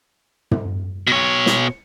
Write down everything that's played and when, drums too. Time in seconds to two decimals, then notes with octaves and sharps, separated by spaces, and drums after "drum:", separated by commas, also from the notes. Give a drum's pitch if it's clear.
0.51 drum: tom
1.07 B2 C#5
1.46 drum: snare